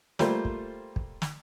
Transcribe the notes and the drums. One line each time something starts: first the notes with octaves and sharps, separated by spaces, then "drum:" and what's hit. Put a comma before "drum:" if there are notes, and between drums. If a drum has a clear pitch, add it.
G3 A3 A#3 F4 C5, drum: snare
drum: kick
drum: kick
drum: snare